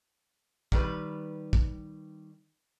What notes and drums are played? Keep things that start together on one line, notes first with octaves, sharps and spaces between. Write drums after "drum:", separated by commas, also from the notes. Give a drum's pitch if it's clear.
D#3 G3 B4, drum: kick
drum: kick